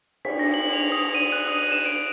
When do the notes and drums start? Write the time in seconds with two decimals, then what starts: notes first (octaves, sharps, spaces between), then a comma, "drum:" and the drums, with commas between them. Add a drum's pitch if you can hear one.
0.25 B6, drum: cymbal
0.39 A#6
0.54 F#7
0.73 F7
0.92 D#6
1.15 D#7
1.32 F#6
1.48 D#6
1.72 E7
1.86 D7